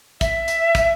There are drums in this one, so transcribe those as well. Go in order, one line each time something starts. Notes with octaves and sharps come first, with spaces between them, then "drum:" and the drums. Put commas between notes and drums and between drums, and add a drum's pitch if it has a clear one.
E5, drum: kick, hi-hat
drum: hi-hat
drum: kick, hi-hat